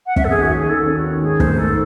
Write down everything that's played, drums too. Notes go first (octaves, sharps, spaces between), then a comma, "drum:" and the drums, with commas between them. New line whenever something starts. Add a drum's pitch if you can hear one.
F#5
C#4 E5, drum: kick
A4
D#2 G#4
F#4
D#2 G#4
D#3 A4
C#4
F#4
D#3
G#2 G#4
A3 C5, drum: kick
G#2 A4